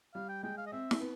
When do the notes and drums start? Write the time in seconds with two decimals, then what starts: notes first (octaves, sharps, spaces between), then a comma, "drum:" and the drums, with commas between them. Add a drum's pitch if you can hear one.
0.14 G3 F5
0.29 G5
0.43 G#3 G5
0.58 F5
0.67 D#5
0.72 C4 E5
0.91 drum: snare
1.01 B3